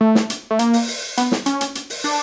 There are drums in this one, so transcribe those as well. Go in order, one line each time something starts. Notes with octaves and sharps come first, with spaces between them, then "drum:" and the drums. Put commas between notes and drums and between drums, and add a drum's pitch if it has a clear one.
A3
drum: snare
drum: hi-hat
A3
A#3, drum: hi-hat
drum: open hi-hat
drum: open hi-hat
B3, drum: hi-hat
drum: snare
C#4, drum: hi-hat
drum: hi-hat
drum: hi-hat
drum: open hi-hat
D4, drum: open hi-hat